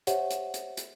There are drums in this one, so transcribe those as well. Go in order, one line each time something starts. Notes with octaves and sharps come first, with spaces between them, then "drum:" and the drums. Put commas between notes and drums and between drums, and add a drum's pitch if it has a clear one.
G4 C5 C#5 E5 F#5, drum: hi-hat
drum: hi-hat
drum: hi-hat
drum: hi-hat